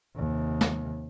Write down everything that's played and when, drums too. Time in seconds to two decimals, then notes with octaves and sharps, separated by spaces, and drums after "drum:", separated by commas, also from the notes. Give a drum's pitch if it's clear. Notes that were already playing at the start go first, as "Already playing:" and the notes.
0.17 D#2 C3
0.61 drum: snare